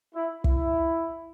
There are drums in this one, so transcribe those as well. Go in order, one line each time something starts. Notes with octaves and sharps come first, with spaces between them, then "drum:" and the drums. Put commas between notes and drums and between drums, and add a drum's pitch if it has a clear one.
E4
E4, drum: kick